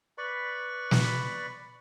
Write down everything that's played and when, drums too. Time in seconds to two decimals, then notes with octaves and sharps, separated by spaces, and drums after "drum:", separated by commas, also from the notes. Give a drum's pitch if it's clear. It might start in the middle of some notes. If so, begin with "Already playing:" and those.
0.18 B4 D5 B5 C#6
0.91 drum: snare